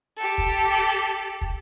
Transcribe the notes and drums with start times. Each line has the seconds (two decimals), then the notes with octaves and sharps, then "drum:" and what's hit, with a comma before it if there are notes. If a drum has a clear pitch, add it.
0.17 G4 A4
0.38 drum: kick
1.41 drum: kick